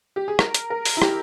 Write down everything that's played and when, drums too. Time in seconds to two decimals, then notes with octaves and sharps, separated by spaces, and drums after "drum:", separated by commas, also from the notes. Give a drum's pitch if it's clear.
0.16 G4
0.28 G#4
0.39 A#4, drum: rim click
0.54 drum: hi-hat
0.70 A#4
0.85 drum: open hi-hat
0.97 E4
1.02 G4, drum: rim click